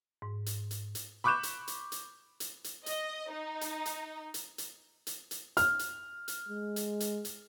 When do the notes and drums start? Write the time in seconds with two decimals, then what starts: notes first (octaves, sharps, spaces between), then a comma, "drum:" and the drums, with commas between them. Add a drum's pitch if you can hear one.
0.22 G#2
0.46 drum: hi-hat
0.71 drum: hi-hat
0.95 drum: hi-hat
1.24 B5 C#6 D6 F#6 G6 E7
1.43 drum: hi-hat
1.68 drum: hi-hat
1.92 drum: hi-hat
2.40 drum: hi-hat
2.64 drum: hi-hat
2.86 D#5, drum: hi-hat
3.31 D#4
3.61 drum: hi-hat
3.86 drum: hi-hat
4.34 drum: hi-hat
4.58 drum: hi-hat
5.07 drum: hi-hat
5.31 drum: hi-hat
5.57 F6, drum: hi-hat
5.79 drum: hi-hat
6.28 drum: hi-hat
6.48 G#3
6.76 drum: hi-hat
7.00 drum: hi-hat
7.25 drum: hi-hat